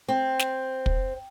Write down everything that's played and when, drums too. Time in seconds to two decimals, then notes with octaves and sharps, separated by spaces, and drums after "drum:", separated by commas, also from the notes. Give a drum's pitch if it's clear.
0.08 C4
0.39 drum: snare
0.86 drum: kick